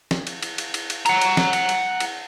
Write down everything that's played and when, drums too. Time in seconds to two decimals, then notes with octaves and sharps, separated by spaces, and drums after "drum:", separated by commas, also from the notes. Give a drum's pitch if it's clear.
0.11 drum: snare
0.27 drum: cymbal
0.43 drum: cymbal
0.58 drum: cymbal
0.74 drum: cymbal
0.90 drum: cymbal
1.06 F#5 A#5, drum: cymbal
1.21 drum: cymbal
1.37 drum: snare
1.53 drum: cymbal
1.69 drum: cymbal
2.00 drum: cymbal